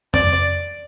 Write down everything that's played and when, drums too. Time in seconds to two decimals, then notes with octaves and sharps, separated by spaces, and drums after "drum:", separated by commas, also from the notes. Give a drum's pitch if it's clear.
0.14 D5, drum: tom F2